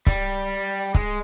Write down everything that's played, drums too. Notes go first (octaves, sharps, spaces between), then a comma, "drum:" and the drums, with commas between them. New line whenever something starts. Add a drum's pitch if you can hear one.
G3, drum: kick C#1
G#3, drum: kick C#1